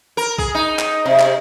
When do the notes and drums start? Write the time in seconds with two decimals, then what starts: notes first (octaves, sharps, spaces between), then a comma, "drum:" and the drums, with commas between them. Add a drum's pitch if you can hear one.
0.17 A#4
0.38 G#4, drum: kick
0.55 D#4
0.79 drum: clap
1.06 C3
1.20 drum: clap